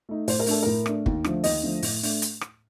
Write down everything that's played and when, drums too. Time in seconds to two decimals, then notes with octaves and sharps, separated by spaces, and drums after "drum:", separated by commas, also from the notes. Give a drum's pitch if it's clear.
0.09 A3 D#4
0.28 A2 C5, drum: open hi-hat
0.40 A#4
0.47 A3 D4 A4, drum: open hi-hat
0.63 A2 A#4
0.86 A3 D4, drum: rim click
1.06 D#2, drum: kick
1.24 D3 F3 A3, drum: rim click
1.44 D#2 D#5, drum: open hi-hat
1.63 D3 F3 A3
1.82 A2, drum: open hi-hat
2.03 A3 D4, drum: open hi-hat
2.22 drum: hi-hat
2.41 drum: rim click